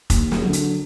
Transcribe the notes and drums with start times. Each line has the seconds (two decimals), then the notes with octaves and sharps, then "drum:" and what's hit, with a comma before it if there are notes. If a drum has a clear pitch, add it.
0.10 D#2, drum: kick F1, hi-hat
0.32 drum: snare
0.42 D3 F#3
0.53 drum: hi-hat